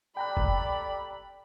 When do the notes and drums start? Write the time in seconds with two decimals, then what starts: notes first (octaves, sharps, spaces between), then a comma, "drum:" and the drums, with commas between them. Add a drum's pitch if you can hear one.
0.17 G4 A4 D5 G5 A#5 B5 F#6
0.37 drum: kick F1